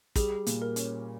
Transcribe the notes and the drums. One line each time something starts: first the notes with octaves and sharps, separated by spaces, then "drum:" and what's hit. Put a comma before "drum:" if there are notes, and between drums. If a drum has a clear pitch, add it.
G3 G#4, drum: kick, hi-hat
A#2, drum: hi-hat
A#4
C#4, drum: hi-hat